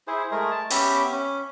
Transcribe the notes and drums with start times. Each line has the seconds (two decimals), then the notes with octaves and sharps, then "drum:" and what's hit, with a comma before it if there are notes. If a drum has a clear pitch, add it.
0.07 E4 G#4 C5
0.31 G#3 A3 G#4 A#4
0.51 A5
0.70 B3 C#4 G4 E5, drum: open hi-hat
1.12 C#4